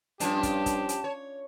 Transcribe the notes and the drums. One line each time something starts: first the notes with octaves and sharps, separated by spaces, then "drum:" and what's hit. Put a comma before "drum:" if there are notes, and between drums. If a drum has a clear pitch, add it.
G2 F3 C#4 D4 G4 A5, drum: hi-hat
drum: kick, hi-hat
drum: kick, hi-hat
drum: hi-hat
C#5